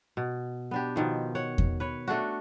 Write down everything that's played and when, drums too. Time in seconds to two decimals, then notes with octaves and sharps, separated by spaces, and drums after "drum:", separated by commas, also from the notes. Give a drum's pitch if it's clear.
0.17 B2
0.71 B3 D4 G4
0.96 B2 D#3 F3
1.35 C#5 F#5
1.58 drum: kick E2
1.80 B4 C#5
2.08 A3 D4 F#4